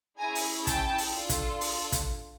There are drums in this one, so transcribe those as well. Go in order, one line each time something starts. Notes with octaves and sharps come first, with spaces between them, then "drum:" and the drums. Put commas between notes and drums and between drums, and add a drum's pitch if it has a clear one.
C#4 E4 G#4 G#5 A#5
drum: open hi-hat
G5 A5, drum: kick, hi-hat
drum: open hi-hat
D4 F4 A4
drum: kick, hi-hat
drum: open hi-hat
drum: kick, hi-hat